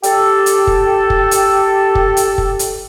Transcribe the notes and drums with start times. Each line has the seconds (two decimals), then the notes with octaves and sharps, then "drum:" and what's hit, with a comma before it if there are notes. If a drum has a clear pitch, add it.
0.03 G4 A4, drum: hi-hat
0.46 drum: hi-hat
0.67 drum: kick
1.10 drum: kick
1.31 drum: hi-hat
1.95 drum: kick
2.17 drum: hi-hat
2.38 drum: kick
2.59 drum: hi-hat